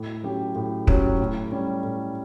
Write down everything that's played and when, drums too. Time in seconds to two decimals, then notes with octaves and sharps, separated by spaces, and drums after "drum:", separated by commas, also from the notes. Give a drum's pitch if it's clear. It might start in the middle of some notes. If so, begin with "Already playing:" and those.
Already playing: A2
0.23 F#3 C#4 G4
0.56 A2
0.87 F#3 C#4 G4, drum: kick
1.20 A2
1.52 G3 C#4
1.84 A2